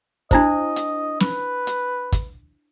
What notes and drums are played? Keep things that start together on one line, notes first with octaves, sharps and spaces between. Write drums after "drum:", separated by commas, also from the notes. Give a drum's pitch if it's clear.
D4 E4 C5 D#5, drum: kick, hi-hat
drum: hi-hat
B4, drum: snare
drum: hi-hat
drum: kick, hi-hat